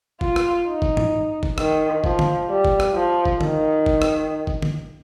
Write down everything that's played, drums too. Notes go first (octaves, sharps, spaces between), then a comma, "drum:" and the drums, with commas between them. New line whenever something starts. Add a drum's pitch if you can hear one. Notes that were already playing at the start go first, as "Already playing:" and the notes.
F4, drum: kick G1
drum: rim click
D#4
drum: kick G1
drum: tom
drum: kick G1
D#3, drum: rim click
F3, drum: kick G1
drum: tom D3
G3
drum: kick G1
drum: rim click
F3
drum: kick G1
D#3, drum: tom D3
drum: kick G1
drum: rim click
drum: kick G1
drum: tom D3